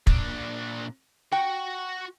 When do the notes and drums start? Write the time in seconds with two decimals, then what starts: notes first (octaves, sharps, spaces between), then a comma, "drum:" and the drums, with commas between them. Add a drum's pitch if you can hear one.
0.07 A#2 D4, drum: kick
1.32 F#4 F#5 G5